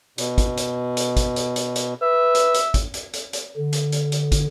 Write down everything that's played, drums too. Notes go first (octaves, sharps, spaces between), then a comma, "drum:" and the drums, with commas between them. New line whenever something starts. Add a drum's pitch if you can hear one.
B2, drum: hi-hat
drum: kick, hi-hat
drum: hi-hat
drum: hi-hat
drum: kick, hi-hat
drum: hi-hat
drum: hi-hat
drum: hi-hat
B4 E5
drum: hi-hat
drum: hi-hat
drum: kick, hi-hat
drum: hi-hat
drum: hi-hat
drum: hi-hat
D3
drum: hi-hat
drum: hi-hat
drum: hi-hat
drum: kick, hi-hat